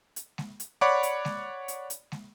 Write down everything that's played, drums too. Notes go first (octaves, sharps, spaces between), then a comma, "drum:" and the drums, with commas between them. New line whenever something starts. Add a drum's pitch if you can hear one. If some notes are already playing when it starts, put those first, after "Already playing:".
drum: hi-hat
drum: snare G#3
drum: hi-hat
C#5 D5 F#5 B5 C#6 D6
drum: hi-hat
drum: snare G#3
drum: hi-hat
drum: hi-hat
drum: snare G#3